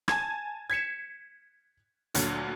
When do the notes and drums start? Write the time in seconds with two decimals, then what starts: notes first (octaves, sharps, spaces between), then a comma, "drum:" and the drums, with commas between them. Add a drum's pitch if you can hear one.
0.08 G#5 A5 G#6, drum: rim click
0.70 G#6 B6 C#7 E7
2.14 D2 A#2 D3 F#3, drum: hi-hat